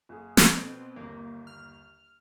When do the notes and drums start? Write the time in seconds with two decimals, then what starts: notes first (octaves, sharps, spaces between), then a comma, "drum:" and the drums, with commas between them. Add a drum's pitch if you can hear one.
0.09 F#1 G#4
0.37 G#3 A4, drum: snare
0.57 B2 C4
0.96 G1 D#2 A#3
1.47 F6